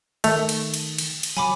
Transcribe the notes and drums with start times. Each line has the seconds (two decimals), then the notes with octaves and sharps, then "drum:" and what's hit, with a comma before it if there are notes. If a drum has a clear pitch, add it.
0.24 D#3 A3 F7, drum: cymbal
0.49 drum: cymbal
0.74 drum: cymbal
0.98 drum: cymbal
1.23 drum: cymbal
1.37 F#3 G#5 B5 D6